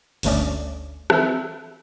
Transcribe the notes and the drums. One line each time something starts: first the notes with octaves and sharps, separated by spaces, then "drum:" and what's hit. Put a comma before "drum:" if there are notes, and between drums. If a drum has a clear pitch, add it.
G1 D2 A3 C#4 D5, drum: open hi-hat
E3 C4 A4 E5, drum: rim click